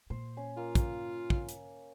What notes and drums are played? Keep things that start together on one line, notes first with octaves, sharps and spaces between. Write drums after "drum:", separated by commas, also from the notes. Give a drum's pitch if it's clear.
A#2 C5
C#4
A#3 F4
drum: kick, hi-hat
drum: kick
drum: hi-hat